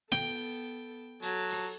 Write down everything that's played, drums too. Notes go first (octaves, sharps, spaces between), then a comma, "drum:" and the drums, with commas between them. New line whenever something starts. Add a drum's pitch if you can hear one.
B3 A4 G5, drum: snare
F#3 A4 A5, drum: hi-hat
drum: open hi-hat